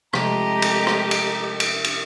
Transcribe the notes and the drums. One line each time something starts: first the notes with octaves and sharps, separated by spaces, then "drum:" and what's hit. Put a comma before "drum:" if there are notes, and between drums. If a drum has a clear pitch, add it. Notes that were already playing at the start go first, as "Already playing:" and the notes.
C3 F3 G#3 A3 G4 D#5 A#5, drum: rim click
drum: cymbal
drum: rim click
drum: cymbal
drum: cymbal
drum: cymbal